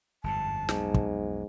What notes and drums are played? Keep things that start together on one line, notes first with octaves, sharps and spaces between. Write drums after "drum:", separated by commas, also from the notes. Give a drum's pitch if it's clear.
G1 F2 G#2 A5
B1 F2 G#2, drum: snare
drum: kick